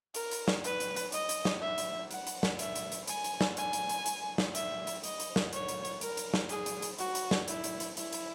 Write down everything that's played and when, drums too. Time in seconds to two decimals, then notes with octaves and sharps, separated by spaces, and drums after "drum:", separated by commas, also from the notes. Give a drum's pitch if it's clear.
0.14 A#4, drum: hi-hat
0.31 drum: hi-hat
0.48 drum: snare
0.64 B4, drum: hi-hat
0.80 drum: hi-hat
0.96 drum: hi-hat
1.12 D#5, drum: hi-hat
1.29 drum: hi-hat
1.45 drum: snare
1.61 E5
1.78 drum: hi-hat
2.11 F#5, drum: hi-hat
2.27 drum: hi-hat
2.43 drum: snare
2.59 E5, drum: hi-hat
2.76 drum: hi-hat
2.92 drum: hi-hat
3.07 G#5, drum: hi-hat
3.24 drum: hi-hat
3.41 drum: snare
3.57 G#5, drum: hi-hat
3.73 drum: hi-hat
3.89 drum: hi-hat
4.06 drum: hi-hat
4.38 drum: snare
4.55 E5, drum: hi-hat
4.87 drum: hi-hat
5.04 D#5, drum: hi-hat
5.20 drum: hi-hat
5.36 drum: snare
5.53 C#5, drum: hi-hat
5.68 drum: hi-hat
5.85 drum: hi-hat
6.01 A#4, drum: hi-hat
6.17 drum: hi-hat
6.34 drum: snare
6.49 G#4, drum: hi-hat
6.66 drum: hi-hat
6.82 drum: hi-hat
6.99 F#4, drum: hi-hat
7.15 drum: hi-hat
7.31 drum: snare
7.48 E4, drum: hi-hat
7.64 drum: hi-hat
7.80 drum: hi-hat
7.97 E4, drum: hi-hat
8.13 drum: hi-hat